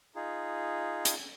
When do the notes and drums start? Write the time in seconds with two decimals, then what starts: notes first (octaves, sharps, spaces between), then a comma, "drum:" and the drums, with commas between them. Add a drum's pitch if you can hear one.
0.16 D#4 F4 G#4
1.05 drum: hi-hat